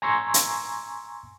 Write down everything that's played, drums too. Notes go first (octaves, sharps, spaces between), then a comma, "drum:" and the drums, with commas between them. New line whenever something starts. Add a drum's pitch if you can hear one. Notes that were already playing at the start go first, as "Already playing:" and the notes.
G#5 A#5 C6 C#6 E6 G#6
drum: hi-hat